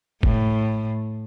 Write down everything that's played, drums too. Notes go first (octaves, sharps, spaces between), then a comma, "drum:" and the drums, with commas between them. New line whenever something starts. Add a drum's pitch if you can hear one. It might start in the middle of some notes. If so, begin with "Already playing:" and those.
A2, drum: kick